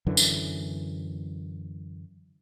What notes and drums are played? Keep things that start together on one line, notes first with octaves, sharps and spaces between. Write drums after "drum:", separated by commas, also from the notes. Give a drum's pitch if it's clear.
F#2 D3 E3
drum: tambourine